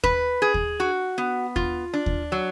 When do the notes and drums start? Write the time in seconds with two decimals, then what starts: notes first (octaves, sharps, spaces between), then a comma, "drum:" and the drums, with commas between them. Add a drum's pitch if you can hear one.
0.04 B4, drum: kick D#2
0.42 G#4
0.54 drum: kick D#2
0.80 F#4
1.18 B3
1.56 F4, drum: kick D#2
1.94 D4
2.06 drum: kick D#2
2.32 F#3